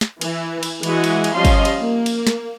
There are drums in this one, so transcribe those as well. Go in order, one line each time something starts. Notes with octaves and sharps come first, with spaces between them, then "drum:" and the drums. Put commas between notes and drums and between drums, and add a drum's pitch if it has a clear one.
drum: snare
E3, drum: cymbal
drum: cymbal
E3 G#3 F#4 D#5 F#5 G#5, drum: cymbal
drum: cymbal
drum: cymbal
F3 G3 C#4 D#5 F5 C6
drum: kick, cymbal
drum: cymbal
A#3
drum: cymbal
drum: snare